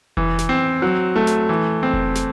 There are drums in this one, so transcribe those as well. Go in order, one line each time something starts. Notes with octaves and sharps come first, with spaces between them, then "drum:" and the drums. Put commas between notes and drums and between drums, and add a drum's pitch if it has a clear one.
E3, drum: kick F1
drum: snare
C4
F#3
A3
drum: snare
E3
C4
drum: kick F1
drum: snare